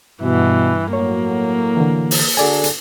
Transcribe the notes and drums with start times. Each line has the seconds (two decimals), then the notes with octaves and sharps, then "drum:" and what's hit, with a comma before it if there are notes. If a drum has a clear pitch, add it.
0.22 G2 B2 E3
0.93 A2 F#3 A#3 C#5
1.77 D3 E3
2.11 drum: open hi-hat
2.37 D3 F#4 G#4 A4 D5 G#5
2.64 drum: hi-hat